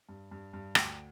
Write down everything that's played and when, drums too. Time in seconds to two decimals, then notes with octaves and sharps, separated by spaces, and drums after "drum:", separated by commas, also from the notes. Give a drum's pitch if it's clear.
0.09 G2
0.31 G2
0.53 G2
0.75 D2 G5, drum: rim click